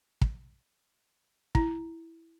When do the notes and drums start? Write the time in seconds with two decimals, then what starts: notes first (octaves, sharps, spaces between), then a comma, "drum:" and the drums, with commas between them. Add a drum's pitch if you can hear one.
0.21 drum: kick
1.55 E4, drum: kick